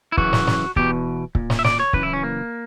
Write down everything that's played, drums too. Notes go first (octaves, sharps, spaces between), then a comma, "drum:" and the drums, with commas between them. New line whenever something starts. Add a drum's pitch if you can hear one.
E4
F#2 C#3 E3 F#4, drum: kick C#1
drum: snare
drum: snare
E2 B2 G4, drum: kick C#1
A#2, drum: kick C#1
drum: snare
E5
D5, drum: snare
C#5
F#2 C#3 E3 B4, drum: kick C#1
E4
C#4
A#3